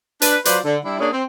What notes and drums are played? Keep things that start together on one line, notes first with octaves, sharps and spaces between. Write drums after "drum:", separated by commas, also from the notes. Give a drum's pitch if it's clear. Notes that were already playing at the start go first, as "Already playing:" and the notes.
D4 B4, drum: hi-hat
F#3 F4 B4 C5 D5, drum: hi-hat
D3
G3 D4 E4
A#3 C#4 D4 G#4
C4